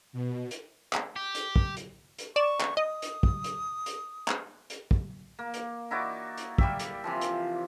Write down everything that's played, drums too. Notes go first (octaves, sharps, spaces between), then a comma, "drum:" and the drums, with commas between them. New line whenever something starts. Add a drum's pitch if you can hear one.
B2
drum: hi-hat
drum: clap
G4
drum: hi-hat
drum: kick
drum: hi-hat
drum: hi-hat
D5 C#6 E7
drum: clap
D#5 D#6
drum: hi-hat
drum: kick
drum: hi-hat
drum: hi-hat
drum: clap
drum: hi-hat
drum: kick
A#3
drum: hi-hat
D#4 E4 F#4 D5
drum: hi-hat
G3 G4 E5, drum: kick
drum: hi-hat
C3 E3 F3
drum: hi-hat